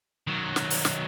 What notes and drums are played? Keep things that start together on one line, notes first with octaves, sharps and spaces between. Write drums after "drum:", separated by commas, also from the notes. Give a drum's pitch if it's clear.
D#3 F#3
drum: snare
drum: open hi-hat
drum: snare